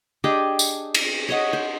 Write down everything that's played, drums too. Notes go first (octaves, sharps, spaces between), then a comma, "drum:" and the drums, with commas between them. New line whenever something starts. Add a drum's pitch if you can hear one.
D4 G4 G#4 D#5
drum: tambourine
drum: cymbal
C#5 D#5 F#5
C5